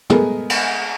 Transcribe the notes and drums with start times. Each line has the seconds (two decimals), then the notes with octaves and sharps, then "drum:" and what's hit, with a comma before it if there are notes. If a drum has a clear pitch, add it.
0.10 G#3 A3 B3 G#4 A#4, drum: tom
0.50 drum: cymbal